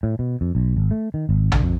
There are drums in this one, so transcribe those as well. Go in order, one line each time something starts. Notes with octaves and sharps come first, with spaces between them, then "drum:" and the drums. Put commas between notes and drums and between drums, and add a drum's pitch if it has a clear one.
A2
B2
F2
B1
G#1
A3
D#3
G#1
D3, drum: tom
F2